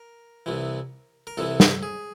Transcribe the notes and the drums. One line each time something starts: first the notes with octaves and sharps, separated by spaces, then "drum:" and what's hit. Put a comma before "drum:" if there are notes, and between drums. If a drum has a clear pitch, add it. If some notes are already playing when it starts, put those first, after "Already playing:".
Already playing: A#4
C2 C3 E3
A#4
C2 C3 E3 A4
drum: snare
G#4